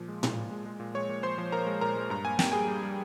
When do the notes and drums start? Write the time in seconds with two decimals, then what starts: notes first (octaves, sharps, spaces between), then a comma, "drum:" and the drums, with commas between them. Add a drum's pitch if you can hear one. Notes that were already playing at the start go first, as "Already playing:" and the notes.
Already playing: A#2 F3
0.08 G#3
0.23 A#2, drum: tom A2
0.36 A#2
0.51 G#3
0.66 G#3
0.80 A#2
0.94 G#3 C#5 C#6
1.09 A#2
1.23 F3 C5 C6
1.38 F3
1.52 A#2 A#4 A#5
1.67 G#3
1.81 A#2 A#4 A#5
1.96 G#3
2.10 G2 A#5
2.25 A#3 G#5
2.39 A#3 G5, drum: snare
2.52 G3 G#4 G#5
2.68 G3
2.83 G3